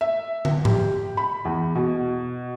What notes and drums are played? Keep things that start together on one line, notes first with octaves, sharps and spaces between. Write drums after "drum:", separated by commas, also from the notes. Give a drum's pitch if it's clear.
E5
drum: tom
G4, drum: tom G#2
B5
E2
B2